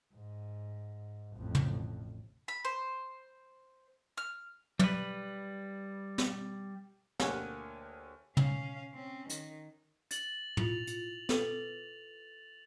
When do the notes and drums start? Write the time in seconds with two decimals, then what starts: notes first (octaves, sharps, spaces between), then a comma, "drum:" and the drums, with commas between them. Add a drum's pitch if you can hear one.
0.15 G#2
1.36 A1 F2
1.55 drum: tom
2.48 B5
2.65 C5
4.18 F6
4.79 G3 B4, drum: tom
6.18 drum: snare
7.20 D2 A#3 G4 C#5 F#5 G#5, drum: snare
8.37 C#4 F5, drum: tom
8.94 C4 C#4
9.29 D#3, drum: hi-hat
10.11 A6 F#7, drum: hi-hat
10.57 E4 F4 F7, drum: tom
10.87 drum: hi-hat
11.29 A4 B4 D6, drum: snare